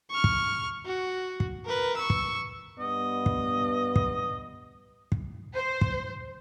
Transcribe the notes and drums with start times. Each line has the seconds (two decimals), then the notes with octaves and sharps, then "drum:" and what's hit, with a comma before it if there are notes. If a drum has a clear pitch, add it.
0.11 C#6 F6
0.24 drum: kick
0.86 F#4
1.40 drum: kick
1.65 A#4 B4
1.97 C#6 E6
2.10 drum: kick
2.79 G2 B3 D#5
3.26 drum: kick
3.96 drum: kick
5.12 drum: kick
5.54 C5
5.81 drum: kick